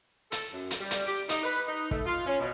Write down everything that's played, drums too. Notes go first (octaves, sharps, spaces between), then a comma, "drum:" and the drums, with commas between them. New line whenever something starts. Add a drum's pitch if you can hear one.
A4, drum: hi-hat
F#2
drum: hi-hat
G3
drum: hi-hat
G4
D#4, drum: hi-hat
B4
D#4
A3, drum: kick
F4
C#4
B2